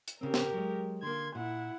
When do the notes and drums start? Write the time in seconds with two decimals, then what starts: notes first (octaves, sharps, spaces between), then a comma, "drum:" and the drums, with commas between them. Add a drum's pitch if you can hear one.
0.08 drum: hi-hat
0.21 C#3 C4 G4 A#4
0.34 drum: snare
0.54 F#3 G#3
1.03 D3 A#3 C6 G#6
1.35 A#2 E4 F#5